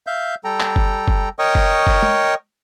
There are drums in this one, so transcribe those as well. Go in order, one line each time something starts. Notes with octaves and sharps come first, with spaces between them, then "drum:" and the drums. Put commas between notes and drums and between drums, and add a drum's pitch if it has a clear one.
E5 F5 G6
G3 A4 G5 A#5
drum: clap
drum: kick F#1
drum: kick F#1
A#4 C#5 D#5 G5 C#6 D#6
drum: kick F#1
drum: kick F#1
drum: tom